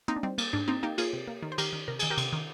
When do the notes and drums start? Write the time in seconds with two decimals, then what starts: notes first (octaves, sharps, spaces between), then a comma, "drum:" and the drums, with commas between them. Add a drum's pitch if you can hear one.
0.08 A#3 C4 D#4
0.16 D4
0.23 G3 C4 D#4
0.38 A#3, drum: cymbal
0.53 G#2 D4
0.68 A#3 C4 D#4
0.83 A#3 D#4 G4
0.98 A#3 F4 G#4, drum: cymbal
1.13 C3
1.28 A#3
1.43 D#3
1.52 C5
1.58 D#3 G4 A#4, drum: cymbal
1.73 D#3
1.88 C3 A#4
1.99 D#3 G#4, drum: cymbal
2.10 G4 A#4
2.18 C3, drum: cymbal
2.33 D#3